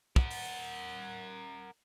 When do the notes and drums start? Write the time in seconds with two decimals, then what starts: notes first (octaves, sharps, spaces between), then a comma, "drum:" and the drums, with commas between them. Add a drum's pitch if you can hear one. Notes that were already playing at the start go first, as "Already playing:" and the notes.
0.16 A#4 F#5, drum: kick
0.31 drum: open hi-hat